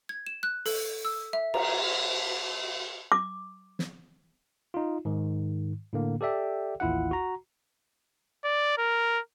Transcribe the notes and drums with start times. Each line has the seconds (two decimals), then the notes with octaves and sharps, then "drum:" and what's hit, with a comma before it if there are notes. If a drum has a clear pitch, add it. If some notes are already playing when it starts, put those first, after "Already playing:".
0.09 G#6
0.26 E7
0.43 F#6
0.66 A4, drum: open hi-hat
1.05 E6
1.33 E5
1.54 A#5, drum: cymbal
3.12 D6
3.79 drum: snare
4.74 D#4 F4
5.05 G#2 D#3
5.93 A2 D3 A#3
6.21 G4 A4 D5 E5 G5
6.80 A1 D#2 E4 F4 F#5
7.11 F#4 A#5
8.44 D5
8.78 A#4